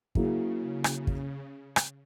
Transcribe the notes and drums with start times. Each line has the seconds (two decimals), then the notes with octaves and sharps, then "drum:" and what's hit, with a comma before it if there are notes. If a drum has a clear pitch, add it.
0.15 C#3 F#3 A#3 E4 G#4, drum: kick
0.84 drum: rim click
1.07 drum: kick
1.76 drum: rim click